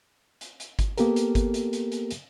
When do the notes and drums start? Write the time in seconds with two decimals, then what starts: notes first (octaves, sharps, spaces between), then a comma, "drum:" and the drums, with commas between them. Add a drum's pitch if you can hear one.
0.41 drum: hi-hat
0.60 drum: hi-hat
0.79 drum: kick G1, hi-hat
0.98 A#3 B3 G4 A4 A#4, drum: hi-hat
1.16 drum: hi-hat
1.35 drum: kick G1, hi-hat
1.54 drum: hi-hat
1.73 drum: hi-hat
1.92 drum: hi-hat
2.11 drum: hi-hat